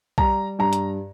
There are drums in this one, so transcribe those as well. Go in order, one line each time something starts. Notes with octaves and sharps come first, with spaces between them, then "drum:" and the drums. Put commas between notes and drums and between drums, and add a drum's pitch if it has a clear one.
G3 A#5, drum: kick B1
G2 A#5
drum: hi-hat